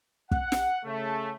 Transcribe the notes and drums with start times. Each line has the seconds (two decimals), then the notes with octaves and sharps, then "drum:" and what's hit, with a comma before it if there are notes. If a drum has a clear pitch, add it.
0.31 F#5, drum: kick
0.52 drum: snare
0.84 C#3 A3